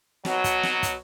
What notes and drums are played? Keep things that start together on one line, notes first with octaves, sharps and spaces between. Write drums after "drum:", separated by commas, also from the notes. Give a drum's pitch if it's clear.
B2 F#3, drum: snare
drum: kick, hi-hat
drum: snare
drum: kick, hi-hat